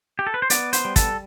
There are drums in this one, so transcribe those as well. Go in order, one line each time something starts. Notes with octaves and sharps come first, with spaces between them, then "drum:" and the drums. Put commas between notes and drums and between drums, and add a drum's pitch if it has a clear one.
G4
A4
B4
C5
B3 D5, drum: hi-hat
C5, drum: hi-hat
G3
A4, drum: kick, hi-hat